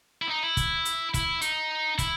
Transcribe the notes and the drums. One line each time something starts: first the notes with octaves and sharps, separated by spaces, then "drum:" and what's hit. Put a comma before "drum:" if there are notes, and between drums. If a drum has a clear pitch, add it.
E4
D#4
E4
drum: kick, hi-hat
drum: hi-hat
E4, drum: kick, hi-hat
D#4, drum: hi-hat
E4, drum: kick, hi-hat